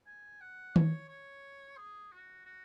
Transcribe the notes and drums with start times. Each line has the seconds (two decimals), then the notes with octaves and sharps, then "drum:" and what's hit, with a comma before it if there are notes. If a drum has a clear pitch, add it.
0.07 G#5
0.41 F#5
0.76 C#5, drum: tom D#3
1.09 C#5
1.77 G#4
2.12 F#4
2.45 F#4